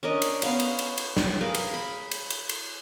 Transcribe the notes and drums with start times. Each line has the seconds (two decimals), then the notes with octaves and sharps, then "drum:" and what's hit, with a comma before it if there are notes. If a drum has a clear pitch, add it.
0.03 C#4 D4 A#4 D#5
0.22 drum: cymbal
0.42 B3 C#4 F5 C6, drum: cymbal
0.60 drum: cymbal
0.79 drum: cymbal
0.98 drum: cymbal
1.17 drum: snare
1.40 G#4 A#4 B4 F5
1.55 drum: cymbal
1.73 B5
2.11 drum: cymbal
2.30 drum: cymbal
2.49 drum: cymbal